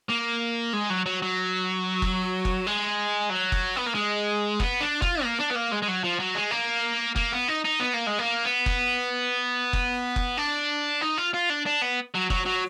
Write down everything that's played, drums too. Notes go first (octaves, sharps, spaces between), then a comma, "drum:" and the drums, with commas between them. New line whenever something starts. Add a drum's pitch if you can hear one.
A#3
G#3
F#3
F#3
F#3
drum: kick F#1
drum: kick F#1
G#3
F#3
drum: kick F#1
B3
A#3
G#3
B3, drum: kick F#1
D4
F4, drum: kick F#1
A#3
D4
B3
A#3
G#3
G#3
F#3
F3
F#3
G#3
A#3
A#3, drum: kick F#1
B3
D#4
D#4
B3
A#3
G#3
A#3
B3
drum: kick F#1
drum: kick F#1
drum: kick F#1
D4
D#4
F4
F4
D4
D4
B3
F#3
F#3, drum: kick F#1
F#3